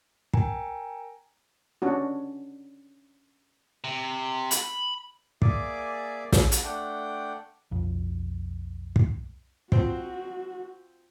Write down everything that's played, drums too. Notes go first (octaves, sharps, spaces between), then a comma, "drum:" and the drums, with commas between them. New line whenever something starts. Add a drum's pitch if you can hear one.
A#4 G5 G#5 A#5, drum: kick
C#4 D4 F#4
C3
B5, drum: hi-hat
A#3 G#4 D5 E5 G#5 D6, drum: kick
drum: snare
drum: hi-hat
A3 D4 F#5 G5
B1 F2
drum: kick
F3 C4 F#4 C5, drum: kick